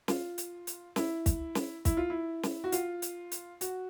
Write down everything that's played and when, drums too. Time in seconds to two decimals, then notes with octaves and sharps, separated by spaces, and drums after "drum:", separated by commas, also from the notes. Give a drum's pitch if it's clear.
0.08 F4, drum: snare
0.38 drum: hi-hat
0.67 drum: hi-hat
0.96 E4, drum: snare
1.26 drum: kick, hi-hat
1.55 drum: snare
1.85 E4, drum: kick, hi-hat
1.97 F4
2.10 E4
2.43 drum: snare
2.64 F#4
2.72 F4, drum: hi-hat
3.02 drum: hi-hat
3.32 drum: hi-hat
3.61 F#4, drum: hi-hat